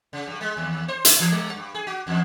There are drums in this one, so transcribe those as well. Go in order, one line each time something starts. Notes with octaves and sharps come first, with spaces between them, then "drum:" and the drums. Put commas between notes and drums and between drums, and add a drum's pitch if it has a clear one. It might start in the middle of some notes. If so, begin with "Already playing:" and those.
C#3
G2
G#3
D#2
C5
E4, drum: hi-hat
E3
G3
G2
G#4
F#4
E2